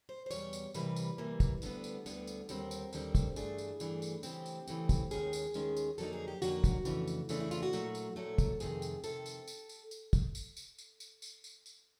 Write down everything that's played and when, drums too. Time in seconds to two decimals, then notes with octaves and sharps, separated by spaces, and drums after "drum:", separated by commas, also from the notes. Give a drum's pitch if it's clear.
0.09 C5
0.26 C5
0.31 E2 B2 G3 C#5, drum: tambourine
0.53 drum: tambourine
0.74 C3 E3 G3 A#3 B4, drum: tambourine
0.96 drum: tambourine
1.18 C3 E3 G3 A#3
1.40 drum: kick, tambourine
1.62 D2 D3 G3 B3, drum: tambourine
1.84 drum: tambourine
2.06 D2 D3 G3 B3, drum: tambourine
2.27 drum: tambourine
2.49 D#2 D3 G3 C4 A#4, drum: tambourine
2.71 drum: tambourine
2.93 D#2 D3 G3 C4, drum: tambourine
3.15 drum: kick, tambourine
3.36 G2 E3 A3 D4 G#4, drum: tambourine
3.58 drum: tambourine
3.80 G2 E3 A3 D4, drum: tambourine
4.02 drum: tambourine
4.23 C#3 E3 A3 C4 G4, drum: tambourine
4.46 drum: tambourine
4.68 C#3 E3 A3 C4, drum: tambourine
4.89 drum: kick, tambourine
5.11 D#2 D#3 G#3 C#4 G#4, drum: tambourine
5.33 drum: tambourine
5.54 D#2 D#3 G#3 C#4, drum: tambourine
5.77 drum: tambourine
5.98 F2 D3 F#3 A#3 D#4 A4, drum: tambourine
6.13 G#4
6.28 G4
6.42 F2 D3 F#3 A#3 D#4 F#4, drum: tambourine
6.64 drum: kick, tambourine
6.85 F2 C#3 E3 A3 D4, drum: tambourine
7.07 drum: tambourine
7.29 F2 C#3 E3 A3 D4 F4, drum: tambourine
7.40 E4
7.51 F4, drum: tambourine
7.63 F#4
7.73 A#2 F#3 A3, drum: tambourine
7.95 drum: tambourine
8.16 A#2 F#3 A3 A4
8.38 drum: kick, tambourine
8.60 F2 C3 D#3 G#4, drum: tambourine
8.82 drum: tambourine
9.04 F2 C3 D#3 A4, drum: tambourine
9.26 drum: tambourine
9.47 drum: tambourine
9.69 drum: tambourine
9.91 drum: tambourine
10.13 drum: kick, tambourine
10.35 drum: tambourine
10.57 drum: tambourine
10.78 drum: tambourine
11.00 drum: tambourine
11.22 drum: tambourine
11.44 drum: tambourine
11.66 drum: tambourine